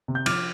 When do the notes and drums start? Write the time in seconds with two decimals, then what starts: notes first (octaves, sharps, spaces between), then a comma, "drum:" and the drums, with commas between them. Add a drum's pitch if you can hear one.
0.08 C3
0.15 G6
0.26 F3 D6 F6, drum: cymbal